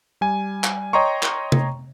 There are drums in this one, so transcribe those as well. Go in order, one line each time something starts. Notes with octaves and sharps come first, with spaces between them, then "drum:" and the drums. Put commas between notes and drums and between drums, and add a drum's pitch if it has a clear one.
G3 G#5
drum: clap
C#5 D#5 G5 A#5 C6 C#6
drum: clap
drum: tom C3